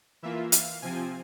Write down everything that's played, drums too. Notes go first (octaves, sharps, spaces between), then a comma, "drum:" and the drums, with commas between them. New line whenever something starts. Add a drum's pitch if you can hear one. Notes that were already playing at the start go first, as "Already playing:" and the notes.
E3 A#3 F4 E5
F5, drum: hi-hat
C3 F3 C4 F4 G#5